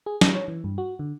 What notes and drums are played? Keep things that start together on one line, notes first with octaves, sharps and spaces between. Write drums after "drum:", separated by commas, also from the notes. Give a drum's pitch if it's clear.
G#4
A#6, drum: snare
C#5
E3
G2
F#4
D3